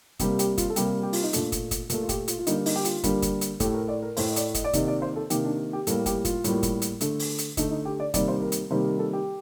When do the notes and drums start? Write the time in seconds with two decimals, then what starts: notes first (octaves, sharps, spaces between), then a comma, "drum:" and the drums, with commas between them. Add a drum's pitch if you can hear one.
0.19 C3 G3 A#3 G4, drum: kick, hi-hat
0.39 G4, drum: hi-hat
0.58 F4, drum: kick, hi-hat
0.70 A4
0.76 C3 G3 A#3 G4, drum: hi-hat
1.03 G4
1.13 F4, drum: open hi-hat
1.23 D#4
1.33 A#2 A3 D4, drum: hi-hat
1.52 drum: kick, hi-hat
1.71 drum: kick, hi-hat
1.90 A#2 A3 A#4, drum: hi-hat
2.03 F4
2.09 G4, drum: kick, hi-hat
2.28 F4, drum: hi-hat
2.39 F4
2.47 D3 G3 A#3 D#4, drum: hi-hat
2.66 D#4, drum: open hi-hat
2.76 G4
2.85 F4, drum: hi-hat
3.03 D3 G3 A#3, drum: kick, hi-hat
3.22 drum: kick, hi-hat
3.41 drum: hi-hat
3.60 A2 A3 G4, drum: kick, hi-hat
3.74 A#4
3.88 D5
4.02 A#4
4.17 A2 A3 C5, drum: open hi-hat
4.29 D#5
4.36 D5, drum: hi-hat
4.54 D#5, drum: kick, hi-hat
4.64 D5
4.73 C3 D#3 A#3 D#5, drum: kick, hi-hat
4.88 D5
5.02 C5
5.16 A4
5.30 C3 D#3 A#3 G4, drum: hi-hat
5.45 D4
5.73 G4
5.87 A2 G3 A#3 A4, drum: hi-hat
6.06 G4, drum: kick, hi-hat
6.25 F4, drum: kick, hi-hat
6.44 A2 G3 A#3, drum: hi-hat
6.63 drum: kick, hi-hat
6.82 drum: hi-hat
7.01 D3 A3, drum: hi-hat
7.19 drum: open hi-hat
7.38 drum: hi-hat
7.57 D3 A3 D#4, drum: kick, hi-hat
7.71 D#4
7.85 G4
8.00 D5
8.14 C3 D#3 G3 A#3 D5, drum: kick, hi-hat
8.28 C5
8.42 A#4
8.52 drum: hi-hat
8.70 C3 D#3 G3 A#3 C5
8.85 A#4
8.99 A4
9.13 G4